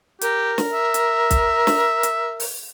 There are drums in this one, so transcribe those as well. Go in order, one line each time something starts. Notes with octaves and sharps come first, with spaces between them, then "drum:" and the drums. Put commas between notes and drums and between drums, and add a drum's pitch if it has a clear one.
G4 A#4, drum: hi-hat
drum: snare
E5
drum: hi-hat
drum: kick B1, hi-hat
drum: snare
drum: hi-hat
drum: open hi-hat